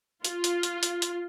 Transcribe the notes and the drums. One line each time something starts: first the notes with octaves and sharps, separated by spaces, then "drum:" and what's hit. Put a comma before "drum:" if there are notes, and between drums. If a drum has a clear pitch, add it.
F4, drum: hi-hat
drum: hi-hat
drum: hi-hat
drum: hi-hat
drum: hi-hat